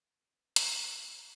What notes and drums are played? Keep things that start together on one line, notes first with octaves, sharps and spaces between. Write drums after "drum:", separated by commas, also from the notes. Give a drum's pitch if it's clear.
C4 B4
drum: hi-hat